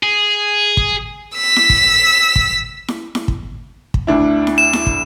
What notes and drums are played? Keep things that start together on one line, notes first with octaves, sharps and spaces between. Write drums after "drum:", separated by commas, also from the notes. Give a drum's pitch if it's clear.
G#4
drum: kick
E6 B6
drum: snare E4
drum: kick
drum: kick
drum: snare E4
drum: snare E4
drum: kick
drum: kick
D2 D4 E4
drum: snare E4
E7
drum: snare E4
drum: kick